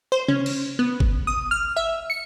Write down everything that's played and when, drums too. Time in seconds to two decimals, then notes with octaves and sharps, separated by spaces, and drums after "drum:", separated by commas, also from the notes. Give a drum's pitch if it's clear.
0.12 C5
0.28 C#4, drum: tom C3
0.46 drum: cymbal
0.79 B3
1.00 drum: kick G1
1.27 D#6
1.51 F6
1.76 E5
2.10 C#7